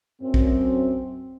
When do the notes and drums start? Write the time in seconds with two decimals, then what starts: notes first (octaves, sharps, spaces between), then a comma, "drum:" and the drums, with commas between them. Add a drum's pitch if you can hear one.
0.21 F#2 C4
0.34 drum: kick